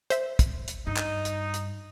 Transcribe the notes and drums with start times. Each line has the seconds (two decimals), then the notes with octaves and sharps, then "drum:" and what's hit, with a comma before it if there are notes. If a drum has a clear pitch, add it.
0.10 C5 E5, drum: hi-hat
0.39 drum: kick, hi-hat
0.68 drum: hi-hat
0.87 G2 D#4
0.96 drum: clap
1.25 drum: hi-hat
1.54 drum: hi-hat